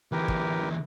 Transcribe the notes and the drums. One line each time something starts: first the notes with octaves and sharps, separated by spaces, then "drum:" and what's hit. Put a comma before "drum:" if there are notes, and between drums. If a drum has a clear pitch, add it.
D2 E3 G4 A#4 B4
drum: kick